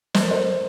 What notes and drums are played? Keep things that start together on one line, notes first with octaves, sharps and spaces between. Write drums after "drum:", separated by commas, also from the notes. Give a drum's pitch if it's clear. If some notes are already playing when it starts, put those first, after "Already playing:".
C5, drum: snare
A#4
A4 C5